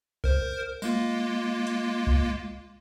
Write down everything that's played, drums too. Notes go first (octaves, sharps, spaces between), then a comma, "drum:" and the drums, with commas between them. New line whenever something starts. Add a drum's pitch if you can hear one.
A#4 C5, drum: kick C2
G#3 A#3 F4, drum: tambourine
drum: hi-hat
drum: kick C2